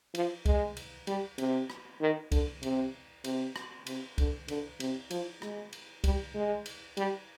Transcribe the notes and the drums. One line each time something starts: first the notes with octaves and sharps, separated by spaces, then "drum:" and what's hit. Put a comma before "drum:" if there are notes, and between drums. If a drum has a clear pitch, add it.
F3, drum: cymbal
G#3, drum: kick C2, cymbal
drum: cymbal
G3, drum: cymbal
C3, drum: cymbal
drum: rim click
D#3
D3, drum: kick C2, cymbal
C3, drum: cymbal
C3, drum: cymbal
drum: rim click
C3, drum: cymbal
D3, drum: kick C2, cymbal
D3, drum: cymbal
C3, drum: cymbal
F3, drum: cymbal
G#3, drum: rim click
drum: cymbal
G3, drum: kick C2, cymbal
G#3
drum: cymbal
G3, drum: cymbal